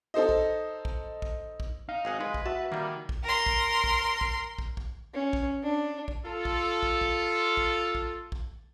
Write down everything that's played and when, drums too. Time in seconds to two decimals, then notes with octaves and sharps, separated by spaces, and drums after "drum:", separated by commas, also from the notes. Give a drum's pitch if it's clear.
0.14 D#4 A4 C5 D#5
0.29 drum: kick
0.85 drum: kick
1.22 drum: kick
1.60 drum: kick
1.89 D#4 F5
2.05 G#1 G#4 F#5
2.21 G#3 B4
2.34 drum: kick
2.46 F#4 E5 A5
2.72 D#3 G3 A#3
3.09 drum: kick
3.24 A#4 C6
3.46 drum: kick
3.84 drum: kick
4.21 drum: kick
4.59 drum: kick
4.77 drum: kick
5.14 C#4
5.33 drum: kick
5.63 D4
6.08 drum: kick
6.25 F4 A4
6.45 drum: kick
6.83 drum: kick
7.01 drum: kick
7.57 drum: kick
7.95 drum: kick
8.32 drum: kick